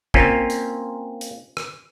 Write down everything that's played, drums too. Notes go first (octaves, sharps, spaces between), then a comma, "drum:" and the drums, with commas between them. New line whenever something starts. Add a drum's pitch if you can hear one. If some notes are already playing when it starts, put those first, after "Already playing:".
A#3 C4 C#4 F4, drum: kick
drum: hi-hat
drum: hi-hat
drum: rim click